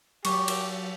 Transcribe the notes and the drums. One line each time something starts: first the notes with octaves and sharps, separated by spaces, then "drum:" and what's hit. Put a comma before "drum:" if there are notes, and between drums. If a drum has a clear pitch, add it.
F#3 G4 C#6, drum: cymbal
drum: cymbal